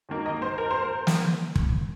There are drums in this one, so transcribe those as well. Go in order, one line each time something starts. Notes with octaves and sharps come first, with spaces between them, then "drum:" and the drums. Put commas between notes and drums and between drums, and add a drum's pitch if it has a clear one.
D#2 D#3 A#3 D#4
D#5
C5
A#4
C5
A#4
drum: snare
drum: kick